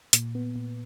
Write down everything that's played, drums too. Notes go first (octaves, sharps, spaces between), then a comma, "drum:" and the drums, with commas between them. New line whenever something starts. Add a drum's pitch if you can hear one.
A#2, drum: hi-hat
B3
A#2